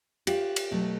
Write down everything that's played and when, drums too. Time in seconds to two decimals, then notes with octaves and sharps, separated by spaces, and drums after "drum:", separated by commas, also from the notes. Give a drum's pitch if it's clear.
0.27 F4 G4, drum: cymbal
0.56 drum: cymbal
0.71 B2 F#3 A3